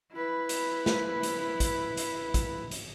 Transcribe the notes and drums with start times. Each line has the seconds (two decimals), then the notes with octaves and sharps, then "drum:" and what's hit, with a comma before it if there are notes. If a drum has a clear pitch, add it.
0.12 E4 B4
0.49 drum: hi-hat
0.86 drum: snare
1.23 drum: hi-hat
1.60 drum: kick, hi-hat
1.97 drum: hi-hat
2.34 drum: kick, hi-hat
2.71 drum: hi-hat